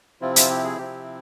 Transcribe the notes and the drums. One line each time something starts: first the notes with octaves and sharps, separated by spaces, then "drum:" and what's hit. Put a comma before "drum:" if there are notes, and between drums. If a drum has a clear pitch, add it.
C3 F3 C4 E4 F4
F4, drum: hi-hat
G4
G#4
C3 F3 C4 E4 G4